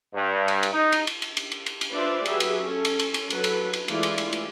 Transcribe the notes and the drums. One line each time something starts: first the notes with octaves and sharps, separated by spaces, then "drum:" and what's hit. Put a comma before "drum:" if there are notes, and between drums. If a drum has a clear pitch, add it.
G2
drum: cymbal
drum: cymbal
D#4
drum: cymbal
drum: cymbal
drum: cymbal
drum: cymbal
drum: cymbal
drum: cymbal
drum: cymbal
D4 F4 B4 C5 D5 E5
F#3 G4 G#4 B4 E5, drum: cymbal
drum: cymbal
C#4 A4
drum: cymbal
drum: cymbal
drum: cymbal
F#3 A4 B4, drum: cymbal
drum: cymbal
drum: cymbal
E3 G#3 A3 F4 D5, drum: cymbal
drum: cymbal
drum: cymbal
drum: cymbal